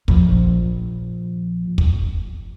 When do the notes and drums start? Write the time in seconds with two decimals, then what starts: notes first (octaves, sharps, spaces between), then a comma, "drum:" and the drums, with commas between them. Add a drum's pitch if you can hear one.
0.08 A#1 F3, drum: kick
1.78 drum: kick